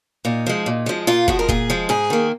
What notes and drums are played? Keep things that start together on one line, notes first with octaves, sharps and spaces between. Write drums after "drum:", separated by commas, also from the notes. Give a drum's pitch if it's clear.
A#2 D#4
F3 G#3
A#2
F3 G#3
A#2 F4
F3 G#3 F#4, drum: kick
A#4
A#2 G#4, drum: kick
F3 G#3
G#2 G#4
D#3 A#3